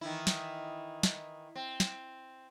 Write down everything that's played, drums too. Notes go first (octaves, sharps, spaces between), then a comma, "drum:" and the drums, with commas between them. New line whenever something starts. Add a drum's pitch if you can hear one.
D#3 E3 E4
drum: snare
drum: snare
C4
drum: snare